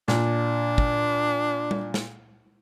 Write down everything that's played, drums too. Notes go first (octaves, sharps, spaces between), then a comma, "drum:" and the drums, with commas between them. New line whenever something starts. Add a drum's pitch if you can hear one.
A#2 D4, drum: snare
drum: kick
drum: tom G3
drum: snare